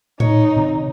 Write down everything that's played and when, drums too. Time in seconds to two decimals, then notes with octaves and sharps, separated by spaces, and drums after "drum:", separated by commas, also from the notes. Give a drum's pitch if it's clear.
0.20 D#4 C#5, drum: tom A2
0.57 C3 D#3